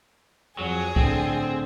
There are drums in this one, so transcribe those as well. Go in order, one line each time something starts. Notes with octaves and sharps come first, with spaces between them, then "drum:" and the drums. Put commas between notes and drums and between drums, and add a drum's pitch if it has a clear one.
F2 F#3 G#4
A2 D3 C4, drum: kick C2